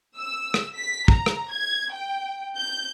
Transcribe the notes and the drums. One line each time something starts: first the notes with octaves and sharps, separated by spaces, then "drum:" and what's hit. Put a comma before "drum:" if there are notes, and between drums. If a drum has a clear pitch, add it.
E6
drum: rim click
B6
A#5, drum: kick
drum: rim click
G#6
G5
G6